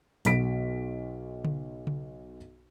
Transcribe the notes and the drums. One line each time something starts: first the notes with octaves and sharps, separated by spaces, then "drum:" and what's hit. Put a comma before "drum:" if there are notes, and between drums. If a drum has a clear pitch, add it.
B1 F#4 B6 D7, drum: hi-hat
drum: tom C#3
drum: tom C#3